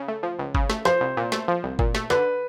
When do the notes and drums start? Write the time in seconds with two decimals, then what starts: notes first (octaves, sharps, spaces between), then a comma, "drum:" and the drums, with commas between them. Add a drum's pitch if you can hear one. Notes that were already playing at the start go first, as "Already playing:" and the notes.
Already playing: C#3
0.08 A3
0.23 F3
0.39 C#2
0.55 C#3, drum: kick G1
0.70 A3, drum: snare
0.85 F3 C5, drum: snare
1.01 C2
1.17 A#2
1.32 A3, drum: snare
1.48 F3
1.64 C2
1.79 A#2, drum: kick G1
1.95 A3, drum: snare
2.10 D3 B4, drum: snare